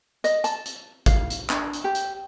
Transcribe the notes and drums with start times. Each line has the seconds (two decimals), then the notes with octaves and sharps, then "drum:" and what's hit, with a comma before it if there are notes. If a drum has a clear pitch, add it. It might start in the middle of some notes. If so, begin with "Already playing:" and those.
0.24 D#5, drum: hi-hat
0.44 A5, drum: hi-hat
0.66 drum: hi-hat
1.06 F5, drum: kick, hi-hat
1.30 drum: hi-hat
1.50 D4, drum: clap
1.73 drum: hi-hat
1.84 G4
1.95 drum: hi-hat